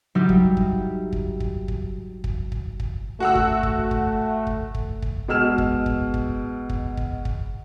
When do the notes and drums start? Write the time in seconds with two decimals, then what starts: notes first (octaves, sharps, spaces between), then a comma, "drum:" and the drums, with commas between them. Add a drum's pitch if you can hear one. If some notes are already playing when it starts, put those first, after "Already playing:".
0.15 F#3 G3 D#4 E4 G4
0.29 drum: kick
0.57 drum: kick
1.13 drum: kick
1.40 drum: kick
1.68 drum: kick
2.24 drum: kick
2.52 drum: kick
2.80 drum: kick
3.20 A3 F#4 F#5 E6
3.35 drum: kick
3.63 drum: kick
3.91 drum: kick
4.47 drum: kick
4.75 drum: kick
5.02 drum: kick
5.28 B2 G#3 E6 F6 E7
5.58 drum: kick
5.86 drum: kick
6.14 drum: kick
6.70 drum: kick
6.97 drum: kick
7.25 drum: kick